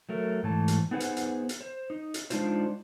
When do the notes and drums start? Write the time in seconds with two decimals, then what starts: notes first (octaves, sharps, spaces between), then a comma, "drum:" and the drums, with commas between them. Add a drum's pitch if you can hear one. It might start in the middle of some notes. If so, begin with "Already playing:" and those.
0.09 F#3 A3 A#4
0.43 G#2 E3 A3 A5
0.68 drum: hi-hat
0.91 B3 D#4 G#4 B4 C5 F#5
1.00 drum: hi-hat
1.17 drum: hi-hat
1.49 drum: hi-hat
1.61 C5
1.90 D#4
2.14 drum: hi-hat
2.30 G#3 D4 D#4 F4 C5, drum: hi-hat